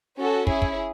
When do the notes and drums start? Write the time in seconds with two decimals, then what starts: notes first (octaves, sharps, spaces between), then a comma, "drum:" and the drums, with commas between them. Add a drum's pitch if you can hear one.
0.17 C#4 F#4 A4
0.47 C#4 E4 G#4, drum: kick
0.62 drum: kick